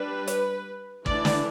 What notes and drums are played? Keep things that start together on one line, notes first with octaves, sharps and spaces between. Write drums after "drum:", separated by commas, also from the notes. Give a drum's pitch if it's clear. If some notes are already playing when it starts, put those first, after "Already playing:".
Already playing: G3 D4 B4
drum: hi-hat
E3 A3 D4 D5, drum: kick
drum: snare